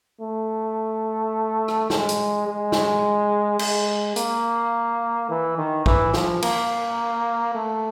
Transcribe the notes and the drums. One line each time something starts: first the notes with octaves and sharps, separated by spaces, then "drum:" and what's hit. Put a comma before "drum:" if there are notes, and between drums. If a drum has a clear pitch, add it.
A3
drum: rim click
G#3, drum: snare
drum: hi-hat
G#3
drum: snare
G#3, drum: cymbal
A#3, drum: hi-hat
E3
D#3
E3, drum: kick A#1
F3, drum: snare
A#3, drum: cymbal
A3